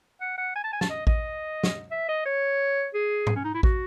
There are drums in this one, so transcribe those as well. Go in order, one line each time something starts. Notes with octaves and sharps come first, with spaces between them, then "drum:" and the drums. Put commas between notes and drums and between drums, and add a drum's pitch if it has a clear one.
F#5
F#5
G#5
A5
G#5
A5, drum: snare
D#5
D#5, drum: kick A1
drum: snare
E5
D#5
C#5
G#4
drum: tom
C#4
D#4
E4
F#4, drum: kick A1